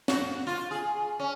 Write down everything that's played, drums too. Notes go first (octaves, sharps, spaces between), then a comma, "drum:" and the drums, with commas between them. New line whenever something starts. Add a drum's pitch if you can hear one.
F#4, drum: snare
F4
G#4
C#4